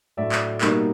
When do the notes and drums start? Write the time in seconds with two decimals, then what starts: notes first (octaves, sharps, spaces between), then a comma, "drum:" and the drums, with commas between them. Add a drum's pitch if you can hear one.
0.17 A2 F#3 A3 D4 D5 E5
0.32 drum: clap
0.61 B2 G3 A#3 D#4, drum: clap